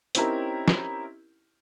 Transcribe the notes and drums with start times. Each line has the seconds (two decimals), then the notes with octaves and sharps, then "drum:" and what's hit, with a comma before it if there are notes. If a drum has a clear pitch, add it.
0.15 C4 C#4 D#4 E4 G4 A#4, drum: hi-hat
0.68 drum: snare